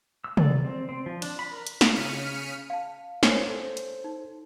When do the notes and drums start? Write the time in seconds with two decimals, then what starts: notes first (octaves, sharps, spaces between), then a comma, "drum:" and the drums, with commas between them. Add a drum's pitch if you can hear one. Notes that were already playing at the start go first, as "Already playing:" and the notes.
0.24 E6
0.37 D5, drum: tom
0.64 C4
0.89 C4
1.06 F3
1.22 D4, drum: cymbal
1.39 B5
1.51 A#4
1.67 drum: hi-hat
1.81 drum: snare
1.95 C#3 F6 B6 C#7 D#7
2.70 F5 A5
3.23 A#4 C5 C#5 G#5, drum: snare
3.48 A4 C5
3.77 drum: hi-hat
4.04 D#4